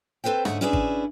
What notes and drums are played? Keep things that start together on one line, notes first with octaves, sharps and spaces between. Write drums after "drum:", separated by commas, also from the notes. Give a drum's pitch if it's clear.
C4 A4 B4 C5 G5
D2 G#2 A3 C#4 G#4 F#5, drum: rim click
C#4 D4 E4 G#4 B4 D5
drum: kick G#1